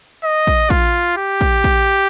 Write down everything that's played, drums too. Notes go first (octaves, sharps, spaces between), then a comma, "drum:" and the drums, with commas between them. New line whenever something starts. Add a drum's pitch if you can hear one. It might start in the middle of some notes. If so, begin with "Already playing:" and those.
D#5
drum: kick A#1
F4, drum: kick A#1
G4
drum: kick A#1
drum: kick A#1